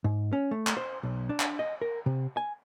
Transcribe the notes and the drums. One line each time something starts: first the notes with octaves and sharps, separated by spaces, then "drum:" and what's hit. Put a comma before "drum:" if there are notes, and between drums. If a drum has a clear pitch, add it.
G#2
C#4
A3
drum: clap
C5
B1
D4
drum: clap
D#5
A#4
C3
G#5